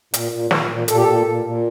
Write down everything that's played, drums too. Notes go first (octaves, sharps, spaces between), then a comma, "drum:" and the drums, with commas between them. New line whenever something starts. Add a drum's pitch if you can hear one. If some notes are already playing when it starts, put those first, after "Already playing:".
A#2, drum: hi-hat
A#2
A#2, drum: snare
A#2
A#2 A4, drum: hi-hat
G4
A#2 A4
A#2
A#2